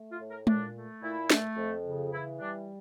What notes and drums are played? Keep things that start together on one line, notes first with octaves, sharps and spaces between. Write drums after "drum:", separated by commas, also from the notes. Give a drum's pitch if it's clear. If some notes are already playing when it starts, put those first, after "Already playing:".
Already playing: A3
F4
A2
A#4
A#2 D4, drum: tom G#3
A3
A#2 E4
A3, drum: snare
F2
C#3
E3 E4
G3 D4